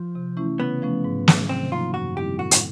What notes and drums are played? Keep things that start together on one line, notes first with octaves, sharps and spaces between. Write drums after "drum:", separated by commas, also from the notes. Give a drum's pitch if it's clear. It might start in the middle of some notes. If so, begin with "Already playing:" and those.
Already playing: F3
C3
E3 A3 C#4 E4
C#3 B3
F3 A3 C#4
G#2
D#3 F#3, drum: snare
C3 C4
F3 A#3 D#4 F4
F#2 F#4
D#3 G3 C4 E4 G4
A2 F#4
drum: hi-hat